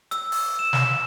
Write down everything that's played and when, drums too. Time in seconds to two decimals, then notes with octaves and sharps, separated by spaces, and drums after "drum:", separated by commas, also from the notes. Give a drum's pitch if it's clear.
0.11 E6, drum: hi-hat
0.32 drum: open hi-hat
0.59 E7
0.73 drum: snare